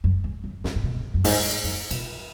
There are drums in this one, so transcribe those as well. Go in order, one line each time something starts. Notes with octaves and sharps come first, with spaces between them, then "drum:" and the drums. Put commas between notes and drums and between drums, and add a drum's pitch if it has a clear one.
F#2
G#2
F#2
F#2, drum: snare
G#2
B2
F#2
G#2, drum: open hi-hat
F#2
B2, drum: cymbal